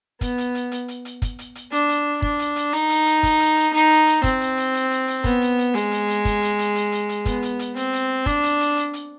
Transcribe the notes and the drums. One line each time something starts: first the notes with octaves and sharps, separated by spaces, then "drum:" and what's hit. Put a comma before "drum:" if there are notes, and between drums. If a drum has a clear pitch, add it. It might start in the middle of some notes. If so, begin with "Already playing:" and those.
B3, drum: kick, hi-hat
drum: hi-hat
drum: hi-hat
drum: hi-hat
drum: hi-hat
drum: hi-hat
drum: kick, hi-hat
drum: hi-hat
drum: hi-hat
D4, drum: hi-hat
drum: hi-hat
D4, drum: kick
drum: hi-hat
drum: hi-hat
D#4, drum: hi-hat
drum: hi-hat
drum: hi-hat
drum: kick, hi-hat
drum: hi-hat
drum: hi-hat
D#4, drum: hi-hat
drum: hi-hat
drum: hi-hat
C4, drum: kick, hi-hat
drum: hi-hat
drum: hi-hat
drum: hi-hat
drum: hi-hat
drum: hi-hat
B3, drum: kick, hi-hat
drum: hi-hat
drum: hi-hat
G#3, drum: hi-hat
drum: hi-hat
drum: hi-hat
drum: kick, hi-hat
drum: hi-hat
drum: hi-hat
drum: hi-hat
drum: hi-hat
drum: hi-hat
B3, drum: kick, hi-hat
drum: hi-hat
drum: hi-hat
C4, drum: hi-hat
drum: hi-hat
D4, drum: kick, hi-hat
drum: hi-hat
drum: hi-hat
drum: hi-hat
drum: hi-hat